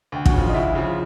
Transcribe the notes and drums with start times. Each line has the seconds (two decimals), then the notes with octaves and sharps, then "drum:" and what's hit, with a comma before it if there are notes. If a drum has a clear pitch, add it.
0.12 D2 G5
0.26 F#4 F#5, drum: kick
0.33 C#3
0.38 F3 F4 F5
0.49 D#5
0.54 D2 E4 E5
0.75 C#3 F3